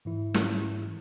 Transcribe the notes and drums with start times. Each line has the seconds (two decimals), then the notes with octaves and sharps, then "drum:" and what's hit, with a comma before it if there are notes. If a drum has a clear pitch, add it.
0.05 G#2 E3 E4
0.34 drum: snare